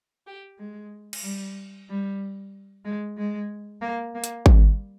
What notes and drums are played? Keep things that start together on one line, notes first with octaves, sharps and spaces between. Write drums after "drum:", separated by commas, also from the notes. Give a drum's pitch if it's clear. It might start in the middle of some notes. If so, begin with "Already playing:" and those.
G4
G#3
drum: cymbal
G3
G3
G#3
G#3
A#3
A#3
drum: hi-hat
G3, drum: kick G#1